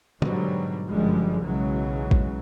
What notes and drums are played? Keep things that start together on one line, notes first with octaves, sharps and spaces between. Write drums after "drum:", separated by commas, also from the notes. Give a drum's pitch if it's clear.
G#2 B2 D3 F#3 G3, drum: tom
G1 F#2 D3 F3 G3 G#3
B1 C#3 E3 F#3 G#3
drum: kick